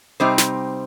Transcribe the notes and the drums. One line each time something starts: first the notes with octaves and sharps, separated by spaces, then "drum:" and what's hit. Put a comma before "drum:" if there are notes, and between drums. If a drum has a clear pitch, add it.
C3 G3 C4 D#4 C5
drum: snare